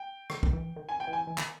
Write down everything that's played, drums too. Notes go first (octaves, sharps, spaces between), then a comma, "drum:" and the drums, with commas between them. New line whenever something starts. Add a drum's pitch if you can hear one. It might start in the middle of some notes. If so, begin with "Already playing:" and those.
Already playing: G5
D#3, drum: rim click
D#3, drum: kick A#1
E3
D#3
G#5
G5
E3
G#5
E3
D#3, drum: clap